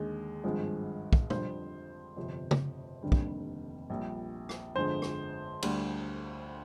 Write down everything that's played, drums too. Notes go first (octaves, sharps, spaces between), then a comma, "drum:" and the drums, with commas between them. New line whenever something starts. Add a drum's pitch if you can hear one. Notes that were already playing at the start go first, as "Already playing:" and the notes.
Already playing: D#2 D3 G#3
G#1 G2 F3 G#3
drum: kick
F2 D3 G3 C5, drum: tom
G1 F2 C3
drum: tom
F1 D#2 D3 G3
drum: kick
A#1 A#2 G3
drum: rim click
G1 F2 D3 G#3 C5
drum: rim click
D2 D3 G3, drum: cymbal